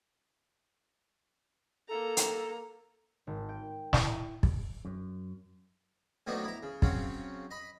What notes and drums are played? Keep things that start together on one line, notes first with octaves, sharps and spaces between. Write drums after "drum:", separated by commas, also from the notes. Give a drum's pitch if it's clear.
A#3 A4 A#5
drum: hi-hat
G#1
G5
E4, drum: snare
drum: kick
F#2
A2 F3 F#3 B3 D4 D#4
E4 A#5
C#3
C#3 F#3 C4 C#4 F5, drum: kick
D#5 B5